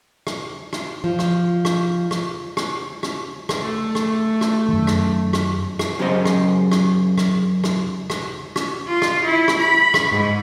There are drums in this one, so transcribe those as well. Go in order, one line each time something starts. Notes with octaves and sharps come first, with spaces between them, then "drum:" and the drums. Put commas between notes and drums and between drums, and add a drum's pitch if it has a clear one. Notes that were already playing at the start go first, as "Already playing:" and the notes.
drum: rim click
drum: rim click
F3
drum: rim click
drum: rim click
drum: rim click
drum: rim click
drum: rim click
drum: rim click
A3
drum: rim click
drum: rim click
F#2 D#3
drum: rim click
drum: rim click
drum: rim click
F#2 C#3 G4 C5 D#5
drum: rim click
drum: rim click
drum: rim click
drum: rim click
drum: rim click
drum: rim click
F4
drum: rim click
E4
drum: rim click
B5
drum: rim click
G#2